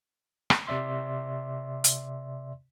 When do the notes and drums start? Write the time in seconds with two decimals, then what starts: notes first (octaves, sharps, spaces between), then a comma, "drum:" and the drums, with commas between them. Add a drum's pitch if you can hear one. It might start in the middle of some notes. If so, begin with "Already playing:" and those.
0.50 drum: rim click
0.67 C3 D5 E5 C6
1.84 drum: hi-hat